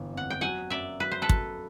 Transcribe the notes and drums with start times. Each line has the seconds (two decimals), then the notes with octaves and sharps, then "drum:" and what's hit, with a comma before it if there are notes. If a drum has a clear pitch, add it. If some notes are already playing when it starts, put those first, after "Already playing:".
Already playing: G1 E3
0.13 F2 F#5
0.30 G5
0.41 F#3 F#5 G#5
0.70 F#2 D5 E5
1.00 F#3 B4
1.11 C5
1.22 A4 B4
1.29 F#3, drum: kick